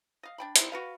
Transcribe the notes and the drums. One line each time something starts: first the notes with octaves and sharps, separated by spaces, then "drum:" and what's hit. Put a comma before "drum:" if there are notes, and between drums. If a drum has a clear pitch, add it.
D#5 F5
D4 G5 B5
G3 C4 D#4 E4, drum: hi-hat
F#4 B4 F5